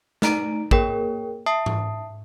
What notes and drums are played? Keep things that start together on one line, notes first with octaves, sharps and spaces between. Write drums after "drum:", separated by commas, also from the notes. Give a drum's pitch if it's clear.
A3 D#4 A#5 D7, drum: snare
A#3 G#4 A#4 C#5 G5, drum: kick
E5 A5 D#6 C7
drum: tom G#2